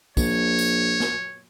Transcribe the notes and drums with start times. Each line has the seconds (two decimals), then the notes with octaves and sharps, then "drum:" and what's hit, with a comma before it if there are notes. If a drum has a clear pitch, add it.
0.17 A#1 C#5, drum: kick, tambourine
0.59 drum: tambourine
1.00 drum: snare